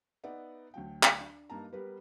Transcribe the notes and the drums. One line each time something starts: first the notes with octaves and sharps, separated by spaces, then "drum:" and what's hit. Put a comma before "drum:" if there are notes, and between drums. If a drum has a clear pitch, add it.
B3 D#4 D5 E5 F#5
D2 F#3 G5
drum: clap
D4
G2 A#3 D#4 A5 A#5
G3 B3 G4 A#4 B4